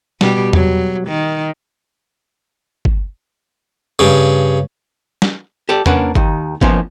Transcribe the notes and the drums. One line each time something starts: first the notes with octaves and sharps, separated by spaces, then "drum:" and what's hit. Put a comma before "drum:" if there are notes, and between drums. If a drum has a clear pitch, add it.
B2 G3 G4, drum: snare
F#3, drum: tom E2
D#3
drum: kick
G2 C#3
drum: snare
G4 A4 D5
A#3 C#4 D4 A#4 B4 F#5, drum: tom E2
D#2 D#3, drum: kick
F3 A#3 B3 C#4 D#4, drum: kick